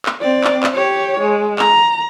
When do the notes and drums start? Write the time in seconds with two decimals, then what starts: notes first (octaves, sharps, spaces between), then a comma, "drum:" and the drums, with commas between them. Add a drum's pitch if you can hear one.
0.06 drum: clap
0.21 C4 D5
0.44 drum: clap
0.63 drum: clap
0.74 G4 C#5
1.21 G#3
1.59 A#5, drum: clap